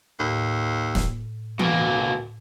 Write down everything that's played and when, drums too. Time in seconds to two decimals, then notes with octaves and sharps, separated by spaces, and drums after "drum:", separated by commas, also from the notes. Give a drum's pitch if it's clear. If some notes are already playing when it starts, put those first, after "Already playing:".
0.19 D#2 A2
0.95 drum: snare
1.59 D2 B2 A#3, drum: tom E3